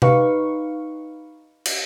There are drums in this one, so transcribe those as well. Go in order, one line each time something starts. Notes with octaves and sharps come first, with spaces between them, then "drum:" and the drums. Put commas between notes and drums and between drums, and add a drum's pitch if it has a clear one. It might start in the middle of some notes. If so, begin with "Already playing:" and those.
D#4 G4 B4 F5 C#6, drum: tom C3
drum: cymbal